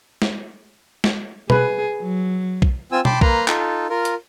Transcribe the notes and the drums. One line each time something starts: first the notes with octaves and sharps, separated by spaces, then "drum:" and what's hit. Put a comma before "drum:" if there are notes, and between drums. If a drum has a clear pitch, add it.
drum: snare
drum: snare
G#4 B4, drum: tom B2
F#3
drum: kick B1
C4 F4 G#5 E6
G5 A5 B5 C6 D6, drum: tom B2
A#3 B4 A#5 C6, drum: kick B1
D#4 F4 A4, drum: clap
F4 A#4
drum: hi-hat